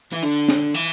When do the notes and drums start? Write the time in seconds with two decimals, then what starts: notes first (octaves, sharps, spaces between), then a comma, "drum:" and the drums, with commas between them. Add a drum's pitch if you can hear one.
0.13 E3
0.23 D3, drum: hi-hat
0.48 drum: snare
0.74 E3, drum: hi-hat